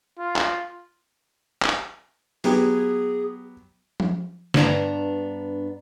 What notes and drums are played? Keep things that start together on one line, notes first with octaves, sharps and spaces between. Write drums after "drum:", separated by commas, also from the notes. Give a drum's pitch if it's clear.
F4
drum: clap
drum: clap
F#3 B3 G4 G#4, drum: open hi-hat
drum: tom F3
G2 B3 D4 A#5, drum: snare